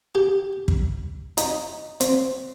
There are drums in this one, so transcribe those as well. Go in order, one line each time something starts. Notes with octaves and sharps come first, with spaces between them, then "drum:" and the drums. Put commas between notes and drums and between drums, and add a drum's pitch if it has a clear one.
G4
drum: kick
D#4, drum: hi-hat
C4, drum: hi-hat